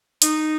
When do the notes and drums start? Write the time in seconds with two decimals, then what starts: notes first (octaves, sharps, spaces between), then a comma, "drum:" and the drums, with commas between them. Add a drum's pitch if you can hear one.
0.22 D#4, drum: hi-hat